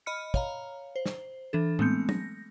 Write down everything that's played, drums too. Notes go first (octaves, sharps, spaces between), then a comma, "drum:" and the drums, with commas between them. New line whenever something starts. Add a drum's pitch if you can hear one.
D#5 B5 F6 C#7
C#5 F5 A#5, drum: kick
C5
drum: snare
E3 D4 A4
G#3 A3 B3 C4 G6 C#7, drum: tom A2
A#6, drum: tom F#3